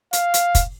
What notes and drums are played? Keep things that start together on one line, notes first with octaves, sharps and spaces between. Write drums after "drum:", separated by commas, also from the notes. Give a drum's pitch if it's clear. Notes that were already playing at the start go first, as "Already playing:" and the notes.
F5, drum: hi-hat
drum: hi-hat
drum: kick, hi-hat